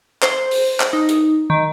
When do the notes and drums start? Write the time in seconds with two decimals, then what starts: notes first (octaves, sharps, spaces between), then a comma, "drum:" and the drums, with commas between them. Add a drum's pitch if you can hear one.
0.23 C5, drum: clap
0.51 drum: open hi-hat
0.80 drum: clap
0.93 D#4
1.09 drum: hi-hat
1.50 D#3